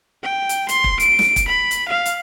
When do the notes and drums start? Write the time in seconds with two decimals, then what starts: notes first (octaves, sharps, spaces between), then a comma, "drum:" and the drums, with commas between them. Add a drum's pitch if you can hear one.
0.23 G5
0.49 drum: hi-hat
0.69 C6, drum: hi-hat
0.84 drum: kick
1.00 D7, drum: hi-hat
1.19 drum: snare
1.36 drum: kick, hi-hat
1.48 B5
1.71 drum: hi-hat
1.88 F5
2.06 drum: hi-hat